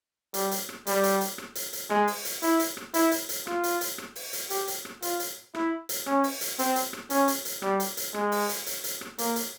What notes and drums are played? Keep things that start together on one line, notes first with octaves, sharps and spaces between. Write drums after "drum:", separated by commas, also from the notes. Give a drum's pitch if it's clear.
G3, drum: hi-hat
drum: hi-hat
drum: rim click
G3, drum: hi-hat
drum: hi-hat
drum: hi-hat
drum: rim click
drum: hi-hat
drum: hi-hat
G#3, drum: rim click
drum: open hi-hat
drum: hi-hat
E4, drum: hi-hat
drum: hi-hat
drum: rim click
E4, drum: hi-hat
drum: hi-hat
drum: hi-hat
F4, drum: rim click
drum: hi-hat
drum: hi-hat
drum: rim click
drum: open hi-hat
drum: hi-hat
G4, drum: hi-hat
drum: hi-hat
drum: rim click
F4, drum: hi-hat
drum: hi-hat
E4, drum: rim click
drum: hi-hat
C#4, drum: rim click
drum: open hi-hat
drum: hi-hat
C4, drum: hi-hat
drum: hi-hat
drum: rim click
C#4, drum: hi-hat
drum: hi-hat
drum: hi-hat
G3, drum: rim click
drum: hi-hat
drum: hi-hat
G#3, drum: rim click
drum: open hi-hat
drum: hi-hat
drum: hi-hat
drum: hi-hat
drum: rim click
A#3, drum: hi-hat
drum: hi-hat